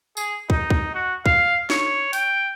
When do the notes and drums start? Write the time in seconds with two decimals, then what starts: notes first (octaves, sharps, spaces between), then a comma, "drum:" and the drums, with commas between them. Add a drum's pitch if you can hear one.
0.17 G#4, drum: tambourine
0.50 D#4, drum: kick
0.70 drum: kick
0.95 F#4
1.26 F5, drum: kick
1.70 C#5, drum: snare
2.13 G5, drum: open hi-hat